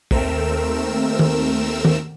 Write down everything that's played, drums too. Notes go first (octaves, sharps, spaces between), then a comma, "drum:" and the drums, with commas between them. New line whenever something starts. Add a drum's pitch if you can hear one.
D#2 A3 C4 A#4 E6 E7, drum: kick
drum: tom D#3
drum: tom D#3